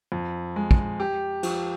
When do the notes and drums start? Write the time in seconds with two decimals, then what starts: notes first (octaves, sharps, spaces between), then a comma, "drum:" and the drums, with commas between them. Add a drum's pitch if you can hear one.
0.12 F2
0.56 G#3
0.71 drum: kick
1.00 G4
1.43 F3, drum: cymbal